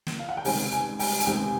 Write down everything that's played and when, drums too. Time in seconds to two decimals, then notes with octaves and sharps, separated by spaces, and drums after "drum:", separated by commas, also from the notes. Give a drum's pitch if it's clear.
0.07 drum: snare
0.19 F5
0.29 F#5
0.37 G5
0.45 C#2 C3 D#3 G3 C4 G#5, drum: open hi-hat
0.72 G#5
0.99 G5, drum: open hi-hat
1.20 G#5, drum: hi-hat
1.26 C#2 C3 D#3 G3 C4 G5